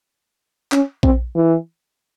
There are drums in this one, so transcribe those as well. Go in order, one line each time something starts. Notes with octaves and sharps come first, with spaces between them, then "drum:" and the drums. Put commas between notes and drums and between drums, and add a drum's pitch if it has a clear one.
C#4, drum: clap
C4, drum: kick A#1
E3